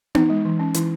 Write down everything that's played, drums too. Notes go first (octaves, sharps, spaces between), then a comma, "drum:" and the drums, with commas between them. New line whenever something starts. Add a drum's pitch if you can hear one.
E3 D#4, drum: tom B3
G#3
E3
C#4
E3 E4, drum: hi-hat